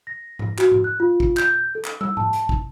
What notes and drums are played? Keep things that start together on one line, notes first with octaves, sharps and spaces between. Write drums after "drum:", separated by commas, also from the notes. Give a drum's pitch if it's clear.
A#6
drum: tom G#2
F#4, drum: clap
drum: tom G#2
F#6
F4
drum: kick
G6, drum: clap
A4
drum: clap
E6, drum: tom
A5, drum: tom G#2
drum: hi-hat
drum: kick